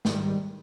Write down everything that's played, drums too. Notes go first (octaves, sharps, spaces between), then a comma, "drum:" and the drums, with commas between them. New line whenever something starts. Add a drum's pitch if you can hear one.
G#2 D#3 G3, drum: snare